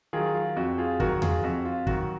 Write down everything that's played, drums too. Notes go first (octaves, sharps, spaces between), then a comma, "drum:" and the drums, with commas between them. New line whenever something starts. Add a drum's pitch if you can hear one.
D#3 F#3 F4 G#4
F4
F2 F#4
F4 G#4
D#3 F#3 F#4 A#4, drum: kick
F4 G#4, drum: tom E2
F2 F#4
F4
D#3 F#3 F#4, drum: kick